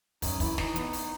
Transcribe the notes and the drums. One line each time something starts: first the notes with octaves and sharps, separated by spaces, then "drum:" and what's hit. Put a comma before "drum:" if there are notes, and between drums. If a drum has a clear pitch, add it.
F#2 D#4, drum: kick, open hi-hat
E3 E4, drum: kick, open hi-hat
E3 D#4, drum: snare
B3, drum: hi-hat
drum: open hi-hat